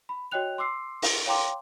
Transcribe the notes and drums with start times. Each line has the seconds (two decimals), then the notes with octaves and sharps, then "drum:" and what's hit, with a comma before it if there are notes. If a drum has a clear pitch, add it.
0.09 B5
0.31 F#4 C#5 D#5 G5 F#6 F7
0.58 C6 D6 E6 C7
1.02 drum: open hi-hat
1.26 C#5 F5 G5 A#5 C6 D6